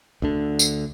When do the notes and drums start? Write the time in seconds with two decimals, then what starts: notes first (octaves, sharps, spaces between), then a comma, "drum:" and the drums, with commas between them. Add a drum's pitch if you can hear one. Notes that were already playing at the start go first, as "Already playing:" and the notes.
0.22 D2 D3
0.59 drum: tambourine